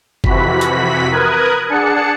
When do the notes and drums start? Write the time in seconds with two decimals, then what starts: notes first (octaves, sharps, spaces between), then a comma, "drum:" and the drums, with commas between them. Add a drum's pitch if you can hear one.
0.24 F2 C3 E3 F#4 B5 B6, drum: kick F#1
0.61 drum: hi-hat
1.11 A#4 B4 D#6 F#6 G#6
1.69 D4 G#4 F#5 A5 C#7